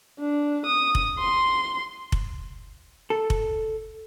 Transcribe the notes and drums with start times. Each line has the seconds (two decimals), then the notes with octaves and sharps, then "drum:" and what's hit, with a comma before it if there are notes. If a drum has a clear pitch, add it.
0.20 D4
0.66 D#6
0.95 drum: kick F1
1.19 C6
2.12 drum: kick F1
3.10 A4
3.30 drum: kick F1